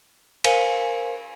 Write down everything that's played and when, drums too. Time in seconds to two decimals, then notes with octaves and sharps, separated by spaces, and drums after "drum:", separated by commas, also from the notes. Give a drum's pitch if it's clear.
0.44 A#4 C5 F5 G#5 C#7 D#7, drum: cymbal